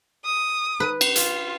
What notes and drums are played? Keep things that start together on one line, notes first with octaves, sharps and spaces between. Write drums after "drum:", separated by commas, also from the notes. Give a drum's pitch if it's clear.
D#6
B4
drum: cymbal
F4, drum: hi-hat